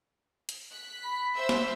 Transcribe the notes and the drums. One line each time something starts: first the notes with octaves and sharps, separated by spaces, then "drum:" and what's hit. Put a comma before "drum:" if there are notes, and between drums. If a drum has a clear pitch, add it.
drum: hi-hat
F#6 B6
B5
C5 E5 E6
drum: snare